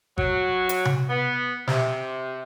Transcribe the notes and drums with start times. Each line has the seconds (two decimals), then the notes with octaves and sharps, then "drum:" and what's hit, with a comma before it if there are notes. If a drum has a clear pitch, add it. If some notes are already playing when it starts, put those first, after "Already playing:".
0.18 F#3, drum: kick G#1
0.69 drum: hi-hat
0.85 drum: tom C3
1.09 B3
1.67 C3, drum: snare